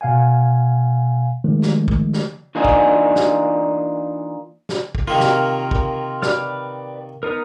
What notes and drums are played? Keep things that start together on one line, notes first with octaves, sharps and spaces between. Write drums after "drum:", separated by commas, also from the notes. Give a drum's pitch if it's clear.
B2 F5 F#5 G#5
D#3 F3 G#3 A3
drum: snare
drum: kick
drum: snare
E3 A#3 D4 D#4 F4 G#4
drum: kick
drum: snare
drum: snare
drum: kick
C3 D#3 A#3 F4 A#4
drum: snare
drum: kick
B4 D5 F6, drum: snare
B3 D#4 A#4